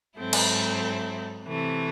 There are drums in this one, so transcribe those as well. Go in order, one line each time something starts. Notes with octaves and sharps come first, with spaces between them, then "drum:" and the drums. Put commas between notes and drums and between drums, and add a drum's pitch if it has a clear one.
G#2 F#3 C4 E4 A4
drum: cymbal
C3 E3 A3